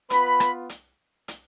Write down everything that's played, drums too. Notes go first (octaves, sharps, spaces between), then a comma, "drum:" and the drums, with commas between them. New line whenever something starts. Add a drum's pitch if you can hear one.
B3 F4 B4 B5, drum: hi-hat
drum: rim click
drum: hi-hat
drum: hi-hat